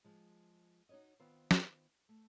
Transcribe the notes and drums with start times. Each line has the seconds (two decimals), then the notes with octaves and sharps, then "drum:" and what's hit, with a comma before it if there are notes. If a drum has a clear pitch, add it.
0.04 F3 G#3
0.89 D#4 F#4 A#4 C#5 D#5
1.20 D#3 B3 C4 F4 C5
1.51 drum: snare
2.09 A3